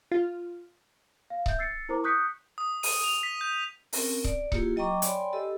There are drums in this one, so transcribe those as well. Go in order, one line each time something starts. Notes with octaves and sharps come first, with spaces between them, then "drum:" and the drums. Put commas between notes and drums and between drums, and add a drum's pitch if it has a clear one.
F4
F5
E5 G6, drum: kick C#1
E6 A6 C7 C#7
E4 A#4 C5 A#5 D6
C#6 D#6 F#6 G6 B6 C#7
D#6
D#7, drum: open hi-hat
F7
B6
G6
C4 C#4 A#4, drum: open hi-hat
D5, drum: kick C#1
A#3 E4 F4 G4 G#4, drum: kick C#1
F#3 D#5 G5 A#5 C#6 D6
C#5 D5 G5 G#5 B5 C6, drum: hi-hat
G4 A4 D#5 E6